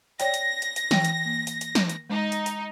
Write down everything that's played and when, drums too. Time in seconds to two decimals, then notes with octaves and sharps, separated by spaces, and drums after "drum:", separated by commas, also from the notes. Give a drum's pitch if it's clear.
0.20 C#5 D5 G5 A#6, drum: hi-hat
0.34 drum: hi-hat
0.62 drum: hi-hat
0.76 drum: hi-hat
0.91 E3 G5, drum: snare
1.05 drum: hi-hat
1.25 A#3
1.47 drum: hi-hat
1.61 drum: hi-hat
1.75 drum: snare
1.89 drum: hi-hat
2.10 G#3 D#4
2.32 drum: hi-hat
2.46 drum: hi-hat